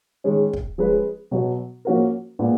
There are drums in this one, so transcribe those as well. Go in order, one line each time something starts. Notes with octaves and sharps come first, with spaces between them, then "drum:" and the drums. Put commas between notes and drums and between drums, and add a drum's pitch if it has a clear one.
D#3 G#3 C#4
drum: kick
F3 G#3 C#4 G#4 B4
B2 F#3 B3 F#4
F3 A#3 C#4 F#4 A#4
A#2 G#3 B3